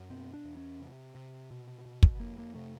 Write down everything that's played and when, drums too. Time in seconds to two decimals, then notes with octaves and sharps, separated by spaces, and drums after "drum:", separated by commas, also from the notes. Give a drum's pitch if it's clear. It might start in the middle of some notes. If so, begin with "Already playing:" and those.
Already playing: F#2
0.10 B2 C4
0.33 D4
0.45 E2
0.57 C#4
0.80 C3
1.15 C3
1.51 B2
1.86 B2
2.03 drum: kick
2.20 F2 A#3
2.38 A#3
2.55 C3 A3